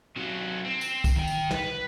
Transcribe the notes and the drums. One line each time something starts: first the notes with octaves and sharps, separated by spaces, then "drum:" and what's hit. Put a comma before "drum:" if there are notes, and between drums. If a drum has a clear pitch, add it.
C3 F#3
C4
drum: tambourine
drum: kick, tambourine
D#3 G5
drum: tambourine
B4, drum: snare